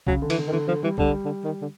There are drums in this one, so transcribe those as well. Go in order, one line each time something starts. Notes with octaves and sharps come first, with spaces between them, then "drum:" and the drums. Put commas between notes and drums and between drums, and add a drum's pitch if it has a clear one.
C#3 F#3, drum: kick
D3
E3, drum: cymbal
D3
D#3
D3 E3
D3 F3
E3 G3
D3 G3, drum: kick
D3
D#3
D3